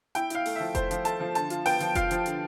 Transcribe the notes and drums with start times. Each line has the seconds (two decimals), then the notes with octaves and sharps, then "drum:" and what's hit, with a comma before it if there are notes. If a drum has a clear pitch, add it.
0.15 E4 G5, drum: hi-hat
0.30 E4 F5, drum: hi-hat
0.46 A3, drum: open hi-hat
0.55 F3 E5
0.75 A3 C5, drum: kick F1, hi-hat
0.91 F3, drum: hi-hat
1.05 A3 A5, drum: hi-hat
1.20 F3
1.35 D3 A5, drum: hi-hat
1.50 F4, drum: hi-hat
1.66 B3 G5, drum: open hi-hat
1.80 F3, drum: hi-hat
1.95 F4 F5, drum: kick F1, hi-hat
2.11 F3, drum: hi-hat
2.26 D3, drum: hi-hat